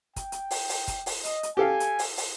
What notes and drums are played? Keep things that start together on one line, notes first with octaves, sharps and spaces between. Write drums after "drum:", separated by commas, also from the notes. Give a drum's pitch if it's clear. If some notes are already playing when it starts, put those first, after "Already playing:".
G5, drum: kick, hi-hat
drum: hi-hat
drum: open hi-hat
drum: open hi-hat
drum: kick, hi-hat
drum: open hi-hat
D#5, drum: hi-hat
drum: hi-hat
G4 A4 F5 G#5
drum: hi-hat
drum: open hi-hat
drum: open hi-hat